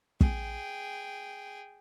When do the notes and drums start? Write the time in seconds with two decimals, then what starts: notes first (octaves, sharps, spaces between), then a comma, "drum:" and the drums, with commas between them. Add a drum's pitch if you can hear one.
0.21 G#4 G5, drum: kick